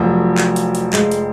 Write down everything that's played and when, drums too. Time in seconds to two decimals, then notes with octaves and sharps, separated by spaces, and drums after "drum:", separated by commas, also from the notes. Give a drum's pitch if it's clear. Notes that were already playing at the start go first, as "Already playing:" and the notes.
Already playing: F1 F2 F3 F#3
0.38 drum: clap
0.56 drum: hi-hat
0.75 drum: hi-hat
0.93 G#3, drum: clap
1.11 drum: hi-hat